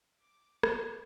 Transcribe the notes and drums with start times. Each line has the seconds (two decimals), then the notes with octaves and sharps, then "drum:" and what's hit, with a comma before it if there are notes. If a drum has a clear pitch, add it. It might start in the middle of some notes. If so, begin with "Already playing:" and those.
0.20 D6
0.63 C#7, drum: rim click